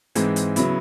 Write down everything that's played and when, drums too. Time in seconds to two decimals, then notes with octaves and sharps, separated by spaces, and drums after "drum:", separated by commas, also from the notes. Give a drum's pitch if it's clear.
0.15 G#2 E3 G#3 C4, drum: hi-hat
0.36 drum: hi-hat
0.56 C#3 F#3 B3 E4, drum: hi-hat